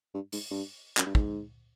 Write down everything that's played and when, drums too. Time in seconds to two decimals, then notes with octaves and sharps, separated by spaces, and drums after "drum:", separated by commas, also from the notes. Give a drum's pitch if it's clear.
0.14 G2
0.32 G#2, drum: open hi-hat
0.51 G2
0.97 F#2, drum: clap
1.06 G2
1.15 G#2, drum: kick